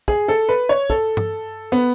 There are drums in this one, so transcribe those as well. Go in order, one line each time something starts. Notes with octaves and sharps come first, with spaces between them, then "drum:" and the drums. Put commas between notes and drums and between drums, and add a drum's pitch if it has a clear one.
G#4, drum: kick
A4
B4
C#5
A4, drum: kick
drum: tom G2
B3